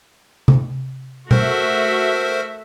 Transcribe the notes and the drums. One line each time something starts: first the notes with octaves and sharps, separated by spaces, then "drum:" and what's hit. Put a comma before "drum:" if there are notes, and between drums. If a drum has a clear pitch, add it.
drum: tom C3
A3 F#4 A#4 C5 E5, drum: tom B2